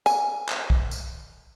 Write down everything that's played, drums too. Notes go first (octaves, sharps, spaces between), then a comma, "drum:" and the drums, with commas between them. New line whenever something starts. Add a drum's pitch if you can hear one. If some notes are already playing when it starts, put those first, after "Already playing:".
G#5, drum: tambourine
drum: clap
drum: kick B1
drum: tambourine